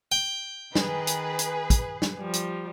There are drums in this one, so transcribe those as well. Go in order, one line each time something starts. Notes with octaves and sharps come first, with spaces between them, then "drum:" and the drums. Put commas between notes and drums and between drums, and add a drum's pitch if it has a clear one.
G5
D#3 G#4 B4, drum: snare
drum: hi-hat
drum: hi-hat
drum: kick, hi-hat
drum: snare
F3 G3
drum: hi-hat